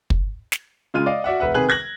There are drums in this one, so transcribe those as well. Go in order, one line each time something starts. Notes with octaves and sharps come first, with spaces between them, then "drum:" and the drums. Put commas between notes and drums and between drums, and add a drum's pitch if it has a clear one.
drum: kick
drum: snare
C#3 G#3 F4 F6 D#7
D5 D#5 F5
F#4 D5 E5 F#5
E1 B4 E5 F#5
C3 D#3 G#4 B4 F#6 F#7
F#6 G#6 A#6 F#7